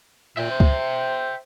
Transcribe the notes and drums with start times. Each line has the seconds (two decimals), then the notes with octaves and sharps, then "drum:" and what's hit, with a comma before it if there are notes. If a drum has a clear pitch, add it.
0.37 A#2 E5 G5
0.51 C5
0.60 drum: kick C#2